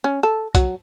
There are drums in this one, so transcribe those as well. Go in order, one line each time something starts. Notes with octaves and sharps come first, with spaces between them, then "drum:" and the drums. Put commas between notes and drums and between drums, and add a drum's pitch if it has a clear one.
C#4
A4
F#3, drum: kick B1, hi-hat